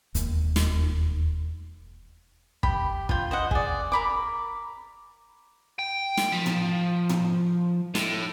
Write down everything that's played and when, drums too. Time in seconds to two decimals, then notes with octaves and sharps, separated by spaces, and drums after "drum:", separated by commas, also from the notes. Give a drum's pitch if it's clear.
0.15 E1 D#2, drum: hi-hat
0.56 drum: snare
2.63 G4 B5, drum: kick
3.09 F4 G5, drum: kick
3.31 C5 D#5 F#5
3.51 G#4 D5, drum: kick
3.92 A#4 B5 D6
5.79 G5
6.17 drum: snare
6.32 F3
6.46 drum: tom
7.09 drum: tom
7.95 A2, drum: snare